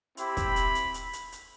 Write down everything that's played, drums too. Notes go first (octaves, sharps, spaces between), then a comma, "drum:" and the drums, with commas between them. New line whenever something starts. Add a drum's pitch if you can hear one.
C4 E4 G4 B5, drum: hi-hat
drum: kick, hi-hat
drum: hi-hat
drum: hi-hat
drum: hi-hat
drum: hi-hat
drum: hi-hat